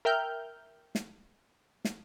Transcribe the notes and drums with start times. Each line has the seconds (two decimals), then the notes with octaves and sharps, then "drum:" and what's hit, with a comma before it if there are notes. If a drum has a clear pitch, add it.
0.05 A#4 E5 G5 F6 G6
0.95 drum: snare
1.85 drum: snare